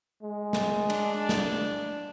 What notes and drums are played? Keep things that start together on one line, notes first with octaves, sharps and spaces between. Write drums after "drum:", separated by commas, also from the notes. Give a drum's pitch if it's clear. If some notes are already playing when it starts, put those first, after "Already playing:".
G#3
drum: snare
D4, drum: cymbal
drum: snare